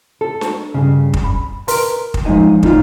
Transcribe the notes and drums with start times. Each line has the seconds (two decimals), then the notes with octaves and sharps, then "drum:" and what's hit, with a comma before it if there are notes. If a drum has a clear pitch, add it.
0.21 A4
0.41 drum: snare
0.74 G2 C#3
1.14 drum: kick
1.24 B5
1.68 A#4 B4 A#5 C6, drum: open hi-hat
2.14 drum: kick
2.25 F3 G#3 C#4 D#4 D#5 G#5
2.63 D2 A2 D#4 F4, drum: kick